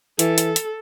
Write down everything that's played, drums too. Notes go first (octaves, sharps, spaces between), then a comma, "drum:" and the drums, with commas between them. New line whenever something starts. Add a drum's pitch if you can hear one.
E3 A4, drum: hi-hat
drum: hi-hat
drum: hi-hat